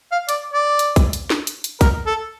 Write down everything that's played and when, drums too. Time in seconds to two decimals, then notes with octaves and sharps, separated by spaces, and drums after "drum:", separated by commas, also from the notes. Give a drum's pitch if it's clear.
0.12 F5
0.29 D5, drum: hi-hat
0.53 D5
0.79 drum: hi-hat
0.96 drum: kick, hi-hat
1.13 drum: hi-hat
1.30 drum: snare
1.47 drum: hi-hat
1.64 drum: hi-hat
1.81 A#4, drum: kick, hi-hat
2.07 A4